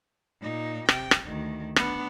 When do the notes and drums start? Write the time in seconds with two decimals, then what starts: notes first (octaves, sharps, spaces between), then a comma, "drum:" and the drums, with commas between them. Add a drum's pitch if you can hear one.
0.42 A#2 D#4
0.89 C3 G5, drum: rim click
1.11 drum: rim click
1.25 D2 D#3
1.76 B3 D4, drum: rim click